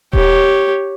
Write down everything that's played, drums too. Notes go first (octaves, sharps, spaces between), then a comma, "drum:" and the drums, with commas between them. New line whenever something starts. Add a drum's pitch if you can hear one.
G4 C#5, drum: kick D#1